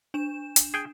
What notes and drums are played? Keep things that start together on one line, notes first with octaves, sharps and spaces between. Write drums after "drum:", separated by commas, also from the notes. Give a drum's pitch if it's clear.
D4 E7
drum: hi-hat
G#4 G5